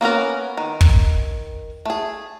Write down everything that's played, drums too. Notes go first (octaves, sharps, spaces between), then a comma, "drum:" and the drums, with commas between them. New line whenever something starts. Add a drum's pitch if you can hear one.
A#3 B3 C#4 A#4
D#3
drum: kick
A3 G#4